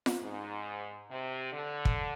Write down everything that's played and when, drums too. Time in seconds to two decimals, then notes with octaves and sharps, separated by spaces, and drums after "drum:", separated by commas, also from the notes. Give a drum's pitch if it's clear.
0.06 drum: snare F4
0.21 G#2
1.09 C3
1.53 D3
1.85 drum: kick